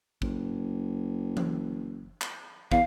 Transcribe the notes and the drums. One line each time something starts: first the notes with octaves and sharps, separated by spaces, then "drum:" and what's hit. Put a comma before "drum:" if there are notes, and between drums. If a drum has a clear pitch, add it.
F#1, drum: kick
drum: tom E3
drum: clap
E2 F5, drum: kick